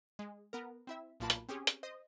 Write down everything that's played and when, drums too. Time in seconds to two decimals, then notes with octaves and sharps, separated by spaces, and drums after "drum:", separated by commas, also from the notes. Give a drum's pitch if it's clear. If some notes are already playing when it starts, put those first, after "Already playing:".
0.19 G#3
0.53 B3 A#4
0.87 C4 E4 E5
1.20 B1 A#2 A#3 F4 A5 B5
1.30 drum: hi-hat
1.49 C4 C#4 G4 G#4
1.67 drum: hi-hat
1.83 C5 D#5